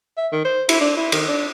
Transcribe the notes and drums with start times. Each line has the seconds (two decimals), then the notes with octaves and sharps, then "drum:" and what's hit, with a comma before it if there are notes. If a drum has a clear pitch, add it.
0.17 E5
0.32 D#3
0.45 C5
0.69 E4, drum: cymbal
0.81 D4
0.97 E4
1.12 D#3, drum: cymbal
1.28 D4